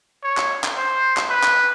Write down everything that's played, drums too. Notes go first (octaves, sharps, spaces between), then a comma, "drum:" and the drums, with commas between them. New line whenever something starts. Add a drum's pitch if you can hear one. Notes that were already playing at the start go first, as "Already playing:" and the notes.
C#5
drum: clap
drum: clap
C5
drum: clap
B4
drum: clap